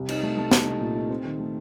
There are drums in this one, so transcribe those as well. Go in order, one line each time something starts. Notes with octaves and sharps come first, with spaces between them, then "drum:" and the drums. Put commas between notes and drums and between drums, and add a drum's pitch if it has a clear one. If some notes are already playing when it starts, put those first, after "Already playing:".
Already playing: C2
D#4, drum: cymbal
A3
A3
C2, drum: snare
D#4
A#2
D#4
C4
D#3
A3